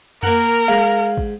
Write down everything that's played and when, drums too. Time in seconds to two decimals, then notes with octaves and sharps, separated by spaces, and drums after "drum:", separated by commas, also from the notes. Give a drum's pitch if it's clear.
0.23 A#3 A#4 F#5, drum: tom F2
0.68 G#2 F5
1.18 drum: kick